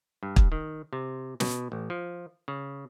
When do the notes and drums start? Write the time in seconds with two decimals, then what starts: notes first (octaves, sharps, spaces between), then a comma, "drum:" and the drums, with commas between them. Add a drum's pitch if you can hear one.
0.23 G2
0.36 drum: kick
0.52 D#3
0.93 C3
1.40 B2, drum: snare
1.72 A1
1.90 F3
2.48 C#3